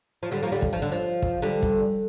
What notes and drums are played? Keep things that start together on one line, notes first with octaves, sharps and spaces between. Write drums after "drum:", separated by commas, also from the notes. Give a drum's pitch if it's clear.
F3
D3 G3
F3 A#3
D3 G3
drum: kick
F3
D3
F3
drum: kick
D3 G3
drum: kick